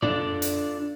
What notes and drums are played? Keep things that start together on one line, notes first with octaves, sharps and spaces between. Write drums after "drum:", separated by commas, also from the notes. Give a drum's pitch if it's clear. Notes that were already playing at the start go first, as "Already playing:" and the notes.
D4 F4 A4 D5, drum: tom F#2
drum: hi-hat